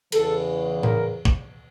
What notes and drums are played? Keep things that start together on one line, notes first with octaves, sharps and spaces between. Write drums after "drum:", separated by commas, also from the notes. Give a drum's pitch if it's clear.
E2 C#3 E3 A4, drum: cymbal
A#4, drum: tom A2
drum: kick